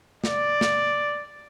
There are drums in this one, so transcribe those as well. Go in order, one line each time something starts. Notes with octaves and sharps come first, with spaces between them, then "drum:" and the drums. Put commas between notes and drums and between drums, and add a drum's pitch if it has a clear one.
D5, drum: snare
drum: snare